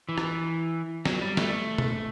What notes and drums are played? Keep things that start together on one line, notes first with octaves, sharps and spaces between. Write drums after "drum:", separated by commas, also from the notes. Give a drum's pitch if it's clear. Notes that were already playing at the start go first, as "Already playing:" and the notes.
E3
drum: rim click
F#3, drum: snare
G3
A3, drum: snare
drum: tom B2